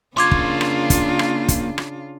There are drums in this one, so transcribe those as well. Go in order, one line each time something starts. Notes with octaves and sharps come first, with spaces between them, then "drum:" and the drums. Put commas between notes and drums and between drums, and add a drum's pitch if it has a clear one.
C#3 A#3 D4 F4 C#5 C6 D6 G#6
drum: kick
drum: rim click
drum: kick, hi-hat
drum: rim click
drum: kick, hi-hat
drum: rim click